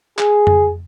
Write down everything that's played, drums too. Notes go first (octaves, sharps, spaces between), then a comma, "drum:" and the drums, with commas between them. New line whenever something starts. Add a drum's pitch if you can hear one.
G#4, drum: clap
drum: tom F2